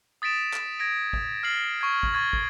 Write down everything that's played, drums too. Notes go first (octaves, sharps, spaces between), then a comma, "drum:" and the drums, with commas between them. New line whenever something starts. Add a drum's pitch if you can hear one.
D#6 A6 B6 D7 E7
drum: clap
G#6 A#6 D7
drum: kick
F6 A6 C7 F#7
C#6 G#6
drum: kick
C#6 F6 G#6 A6
drum: kick